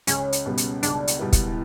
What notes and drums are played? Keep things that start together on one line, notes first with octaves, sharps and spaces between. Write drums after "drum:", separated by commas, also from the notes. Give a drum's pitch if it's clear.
C#2 C#4, drum: hi-hat
drum: hi-hat
B2 G3 B3
drum: hi-hat
C#2 D4, drum: hi-hat
drum: hi-hat
B2 G3 B3 E4
drum: kick, hi-hat